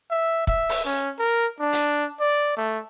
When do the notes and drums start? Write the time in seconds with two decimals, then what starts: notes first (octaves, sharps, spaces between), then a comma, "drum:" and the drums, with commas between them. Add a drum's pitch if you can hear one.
0.11 E5
0.47 E5, drum: kick
0.69 drum: open hi-hat
0.85 C#4
1.19 A#4
1.60 D4
1.73 drum: hi-hat
2.20 D5
2.57 A3